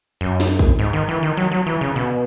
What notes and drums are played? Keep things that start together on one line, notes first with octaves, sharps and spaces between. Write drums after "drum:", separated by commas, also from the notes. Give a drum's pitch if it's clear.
F#2, drum: hi-hat
drum: snare
drum: kick A1, hi-hat
G#2, drum: hi-hat
D#3
E3
D#3
F#3, drum: hi-hat
F#3
E3
C#3
B2, drum: hi-hat